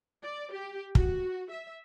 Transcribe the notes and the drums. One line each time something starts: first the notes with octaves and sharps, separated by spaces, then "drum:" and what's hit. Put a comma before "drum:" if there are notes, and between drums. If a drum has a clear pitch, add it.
D5
G4
F#4, drum: kick
E5